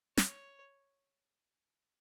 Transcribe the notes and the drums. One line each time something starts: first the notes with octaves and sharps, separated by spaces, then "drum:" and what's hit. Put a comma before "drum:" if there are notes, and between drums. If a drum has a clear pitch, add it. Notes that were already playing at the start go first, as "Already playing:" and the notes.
C#5, drum: snare